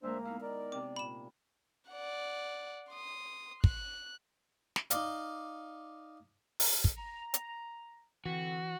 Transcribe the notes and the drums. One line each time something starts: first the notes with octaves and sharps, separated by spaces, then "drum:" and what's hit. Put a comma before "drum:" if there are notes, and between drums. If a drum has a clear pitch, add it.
D2 G#3 A#3 D4 A#4 C5 E5
B3 D#4 E4 F5
D#3 A#4 D5
C3 C4 D6
A#2 B5 E7
D5 F#5
C6 D#6
F#6, drum: kick
drum: snare
D#4 D5 F5, drum: hi-hat
drum: open hi-hat
drum: kick
A#5
drum: hi-hat
D3 E3 C4 F#4